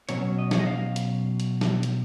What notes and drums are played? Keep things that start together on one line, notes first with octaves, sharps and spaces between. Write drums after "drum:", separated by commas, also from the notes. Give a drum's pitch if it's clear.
B2 F#3 C#4 C#5, drum: hi-hat
D#5
C#5, drum: snare
D#5
F5
drum: hi-hat
drum: hi-hat
drum: snare
drum: hi-hat